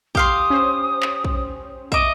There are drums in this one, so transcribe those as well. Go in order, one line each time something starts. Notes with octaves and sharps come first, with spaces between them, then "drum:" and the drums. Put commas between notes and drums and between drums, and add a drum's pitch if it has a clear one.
G4 F5 C6 D#6, drum: kick
C#4 C5
drum: clap
drum: kick
D#5 E5 D6, drum: kick